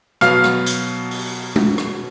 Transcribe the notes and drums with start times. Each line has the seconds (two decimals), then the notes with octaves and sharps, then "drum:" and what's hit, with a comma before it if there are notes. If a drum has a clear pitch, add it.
0.21 B2 F#3 B3 F5 F6, drum: rim click
0.44 drum: rim click
0.66 drum: hi-hat
1.11 drum: open hi-hat
1.56 drum: tom G#3
1.78 drum: rim click